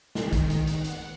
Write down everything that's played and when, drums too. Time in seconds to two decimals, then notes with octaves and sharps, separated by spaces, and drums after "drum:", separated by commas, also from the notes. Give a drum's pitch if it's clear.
0.15 D#3, drum: snare
0.33 drum: kick, hi-hat
0.50 drum: hi-hat
0.67 F#5, drum: hi-hat
0.84 drum: hi-hat